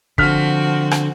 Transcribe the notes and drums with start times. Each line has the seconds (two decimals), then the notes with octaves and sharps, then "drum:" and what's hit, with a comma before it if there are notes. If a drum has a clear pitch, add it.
0.18 D3 F3 C4 F#4 F6 B6, drum: kick
0.91 drum: rim click